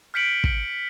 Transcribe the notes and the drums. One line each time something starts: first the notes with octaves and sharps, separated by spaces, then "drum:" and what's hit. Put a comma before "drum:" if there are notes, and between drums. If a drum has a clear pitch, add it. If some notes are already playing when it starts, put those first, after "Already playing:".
F6 G6 B6 C#7 D7 F#7
drum: kick